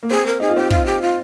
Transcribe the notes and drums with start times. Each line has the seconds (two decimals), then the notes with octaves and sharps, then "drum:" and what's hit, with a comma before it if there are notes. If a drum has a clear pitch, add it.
0.03 A#3
0.10 C4 G#4
0.26 A#4
0.40 D#4 G#4
0.48 F4
0.55 C4 D#4 G4
0.70 F4, drum: kick
0.85 G4
1.01 F4